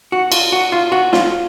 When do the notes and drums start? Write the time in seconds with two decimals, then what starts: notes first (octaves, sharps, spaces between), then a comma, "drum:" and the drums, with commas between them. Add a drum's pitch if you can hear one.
0.12 F#4
0.32 F4, drum: cymbal
0.52 F#4
0.72 F4
0.92 F#4
1.13 F4, drum: snare